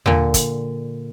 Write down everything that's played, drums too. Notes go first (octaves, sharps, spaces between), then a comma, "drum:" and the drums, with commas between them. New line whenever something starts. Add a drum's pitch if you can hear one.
A#2 D3, drum: tom D#2
drum: kick, hi-hat